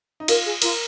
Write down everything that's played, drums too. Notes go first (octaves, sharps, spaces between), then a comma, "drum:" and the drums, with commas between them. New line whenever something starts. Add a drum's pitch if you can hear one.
D#4
F4 A#4, drum: cymbal
G#4
F4 A#4, drum: cymbal